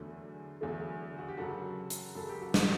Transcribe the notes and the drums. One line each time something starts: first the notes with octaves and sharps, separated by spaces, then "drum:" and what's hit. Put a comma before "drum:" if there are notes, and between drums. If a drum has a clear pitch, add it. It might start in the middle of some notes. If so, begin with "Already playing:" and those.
Already playing: E2 D3 F#3 A3
E2 D3 F#3 A3
F#4
G4
F#2 C#3 F#3 F#4 A4
drum: hi-hat
F#2 C#3 F#3 A4
G4
F#4
G4, drum: snare